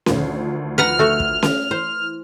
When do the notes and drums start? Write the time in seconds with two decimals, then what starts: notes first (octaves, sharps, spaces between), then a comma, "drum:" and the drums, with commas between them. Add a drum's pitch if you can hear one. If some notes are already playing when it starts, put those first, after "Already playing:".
0.06 D2 D#3 F3, drum: snare C#4
0.78 B4 F#5 A#5 F6
0.99 A3 F#4
1.20 drum: kick
1.43 drum: snare C#4
1.71 E3 C5